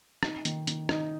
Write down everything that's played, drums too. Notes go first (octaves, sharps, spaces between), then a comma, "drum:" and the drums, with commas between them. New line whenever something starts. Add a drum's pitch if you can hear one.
D#4, drum: rim click
D#3, drum: hi-hat
D#3, drum: hi-hat
D#4, drum: rim click